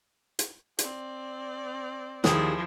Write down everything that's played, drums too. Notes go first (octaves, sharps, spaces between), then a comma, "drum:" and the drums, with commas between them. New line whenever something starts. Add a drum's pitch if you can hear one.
drum: hi-hat
C4 D5, drum: hi-hat
D#2 F3 G3 E4 G#4, drum: snare